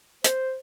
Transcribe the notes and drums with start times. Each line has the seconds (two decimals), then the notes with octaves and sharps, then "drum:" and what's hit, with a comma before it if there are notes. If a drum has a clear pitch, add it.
0.24 C5, drum: hi-hat